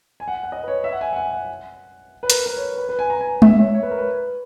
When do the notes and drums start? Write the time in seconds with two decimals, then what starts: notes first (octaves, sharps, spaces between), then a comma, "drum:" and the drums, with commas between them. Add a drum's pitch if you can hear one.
0.20 G#5
0.28 F#5
0.44 F#5
0.52 D#5
0.63 B4
0.68 C#5
0.84 E5
0.93 F#5
1.01 G#5
1.13 F#5
1.16 G#5
1.33 F#5
2.23 B4
2.30 A#4, drum: hi-hat
2.46 B4
2.56 C#5
2.78 B4
2.89 B4
2.99 G#5
3.10 A#5
3.21 G#5
3.42 E5, drum: tom G#3
3.58 C#5
3.74 C#5
3.83 B4
3.91 A#4
3.98 B4